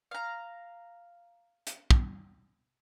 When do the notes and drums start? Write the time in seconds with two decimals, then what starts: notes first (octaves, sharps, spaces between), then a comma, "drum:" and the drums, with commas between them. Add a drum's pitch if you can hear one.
0.11 F5 A#5
1.67 drum: hi-hat
1.91 drum: kick